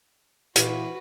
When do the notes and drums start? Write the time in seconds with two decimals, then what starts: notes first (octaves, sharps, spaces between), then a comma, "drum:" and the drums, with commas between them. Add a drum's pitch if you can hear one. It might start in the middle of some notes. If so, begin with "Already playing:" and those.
0.56 A#2 E3 F#4 B4, drum: hi-hat